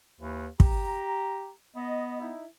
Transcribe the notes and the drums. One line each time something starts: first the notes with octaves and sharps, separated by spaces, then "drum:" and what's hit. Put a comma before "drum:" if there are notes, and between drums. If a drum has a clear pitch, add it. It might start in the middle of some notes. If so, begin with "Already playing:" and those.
D#2 E3 B4
G4 A#5, drum: kick
B3 D#5
D#4 E4